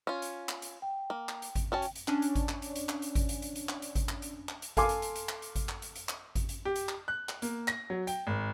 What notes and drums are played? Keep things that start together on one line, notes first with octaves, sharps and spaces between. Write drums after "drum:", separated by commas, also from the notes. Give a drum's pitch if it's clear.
C#4 F4
drum: hi-hat
drum: clap
drum: hi-hat
G5
A#3
drum: clap
drum: hi-hat
drum: kick G#1, hi-hat
C#4 F#4 G5 A5
drum: hi-hat
drum: hi-hat
C#4 D4, drum: clap
drum: hi-hat
drum: kick G#1, hi-hat
drum: clap
drum: hi-hat
drum: hi-hat
drum: clap
drum: hi-hat
drum: kick G#1, hi-hat
drum: hi-hat
drum: hi-hat
drum: hi-hat
drum: clap
drum: hi-hat
drum: kick G#1, hi-hat
drum: clap
drum: hi-hat
drum: clap
drum: hi-hat
A4 F5 G#5 C6 D6, drum: kick G#1, hi-hat
drum: hi-hat
drum: hi-hat
drum: hi-hat
drum: clap
drum: hi-hat
drum: kick G#1, hi-hat
drum: clap
drum: hi-hat
drum: hi-hat
drum: clap
drum: kick G#1, hi-hat
drum: hi-hat
G4
drum: hi-hat
drum: clap
F#6
drum: clap
A#3, drum: hi-hat
A#6, drum: clap
F#3
G5, drum: hi-hat
G#1